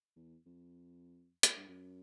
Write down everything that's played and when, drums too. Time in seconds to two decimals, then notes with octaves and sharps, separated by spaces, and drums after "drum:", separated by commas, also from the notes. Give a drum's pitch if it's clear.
0.16 E2
0.46 F2
1.43 drum: hi-hat
1.56 G2
1.68 F#2